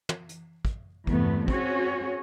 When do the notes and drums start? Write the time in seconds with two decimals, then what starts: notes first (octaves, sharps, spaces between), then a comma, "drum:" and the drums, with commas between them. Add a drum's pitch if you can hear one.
0.09 drum: tom
0.29 drum: hi-hat
0.65 drum: kick
1.07 E2 G2 C3 A3 B3, drum: kick
1.48 C4 C#4 F#4 G#4 C#5, drum: kick